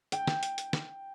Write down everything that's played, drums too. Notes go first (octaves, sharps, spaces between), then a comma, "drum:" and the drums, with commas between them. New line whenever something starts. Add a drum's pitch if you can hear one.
G5, drum: hi-hat
drum: snare
drum: hi-hat
drum: hi-hat
drum: snare